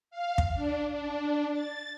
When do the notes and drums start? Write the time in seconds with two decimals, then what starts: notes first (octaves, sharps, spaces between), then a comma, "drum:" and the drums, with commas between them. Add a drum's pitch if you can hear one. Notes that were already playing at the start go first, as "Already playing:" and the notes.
0.11 F5
0.38 drum: kick
0.55 D4
0.91 D4
1.51 A6